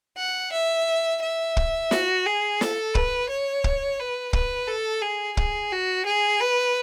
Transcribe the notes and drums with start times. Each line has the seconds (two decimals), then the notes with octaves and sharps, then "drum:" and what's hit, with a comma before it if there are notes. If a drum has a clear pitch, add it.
0.18 F#5
0.52 E5
1.22 E5
1.57 drum: kick
1.91 F#4, drum: snare
2.26 G#4
2.61 A4, drum: snare
2.95 B4, drum: kick
3.30 C#5
3.64 drum: kick
3.99 B4
4.33 B4, drum: kick
4.68 A4
5.02 G#4
5.37 G#4, drum: kick
5.72 F#4
6.06 G#4
6.40 B4